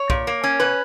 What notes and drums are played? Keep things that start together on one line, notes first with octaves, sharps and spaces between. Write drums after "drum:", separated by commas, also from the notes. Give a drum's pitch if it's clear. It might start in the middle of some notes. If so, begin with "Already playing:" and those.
Already playing: C#5
A#2, drum: kick
A#3
C#4
B2 B4